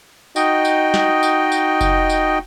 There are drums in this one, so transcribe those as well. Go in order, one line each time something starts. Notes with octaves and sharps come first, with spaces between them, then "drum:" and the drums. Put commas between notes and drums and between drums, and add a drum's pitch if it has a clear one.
D#4 F#4 D#5 G5, drum: tambourine
drum: tambourine
drum: snare
drum: tambourine
drum: tambourine
drum: kick F#1, tambourine
drum: tambourine